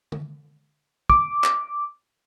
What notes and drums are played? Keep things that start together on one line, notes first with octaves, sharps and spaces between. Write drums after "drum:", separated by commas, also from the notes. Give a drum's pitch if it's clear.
drum: tom
D6, drum: kick
drum: clap